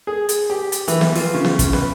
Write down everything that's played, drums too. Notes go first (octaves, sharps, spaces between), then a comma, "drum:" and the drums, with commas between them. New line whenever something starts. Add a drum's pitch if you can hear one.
G#4
drum: hi-hat
G4
drum: hi-hat
E3, drum: hi-hat
drum: snare
F4, drum: open hi-hat
C#3
drum: snare
drum: kick, hi-hat
B4, drum: snare